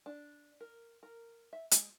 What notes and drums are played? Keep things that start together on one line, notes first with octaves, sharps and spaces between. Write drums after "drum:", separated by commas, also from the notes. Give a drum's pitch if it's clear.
D4
A#4
A#4
E5
G#3, drum: hi-hat